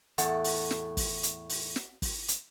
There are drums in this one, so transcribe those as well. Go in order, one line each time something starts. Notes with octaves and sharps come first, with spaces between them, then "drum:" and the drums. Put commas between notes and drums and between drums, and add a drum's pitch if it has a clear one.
E2 A2 A4 F#5, drum: hi-hat
drum: open hi-hat
drum: snare
drum: kick, open hi-hat
drum: hi-hat
drum: open hi-hat
drum: snare
drum: kick, open hi-hat
drum: hi-hat